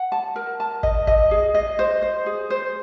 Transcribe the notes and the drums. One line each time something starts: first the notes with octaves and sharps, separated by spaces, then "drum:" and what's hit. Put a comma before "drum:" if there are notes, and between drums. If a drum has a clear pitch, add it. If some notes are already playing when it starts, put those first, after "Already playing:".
Already playing: F#5
A5
A#4
A5
D#5, drum: kick
D#5, drum: kick
G#4
D#5
C5
C5
G#4
C5